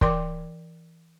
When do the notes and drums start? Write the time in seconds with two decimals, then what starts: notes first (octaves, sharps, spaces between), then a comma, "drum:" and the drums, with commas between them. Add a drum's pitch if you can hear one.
0.01 E3 A#4 D5 G5 C6 D6, drum: kick